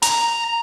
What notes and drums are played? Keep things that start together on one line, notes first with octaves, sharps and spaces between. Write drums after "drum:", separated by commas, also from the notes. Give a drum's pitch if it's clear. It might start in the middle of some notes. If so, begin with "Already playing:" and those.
A#5, drum: hi-hat